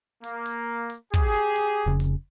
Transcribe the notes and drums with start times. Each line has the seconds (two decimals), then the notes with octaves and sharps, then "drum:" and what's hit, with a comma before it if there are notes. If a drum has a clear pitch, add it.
0.24 A#3, drum: hi-hat
0.46 drum: hi-hat
0.90 drum: hi-hat
1.14 G4 G#4, drum: kick, hi-hat
1.34 drum: hi-hat
1.56 drum: hi-hat
1.86 F1 C#3
2.00 drum: hi-hat